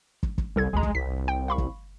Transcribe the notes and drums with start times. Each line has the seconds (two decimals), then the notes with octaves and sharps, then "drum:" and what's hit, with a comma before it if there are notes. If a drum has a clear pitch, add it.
0.23 drum: kick
0.38 drum: kick
0.56 C2 G3 A4 G#6
0.73 G#1 D2 G#3 A#5
0.83 drum: kick
0.95 C2 B6
1.28 G5
1.48 F5 B5 C#6
1.58 drum: kick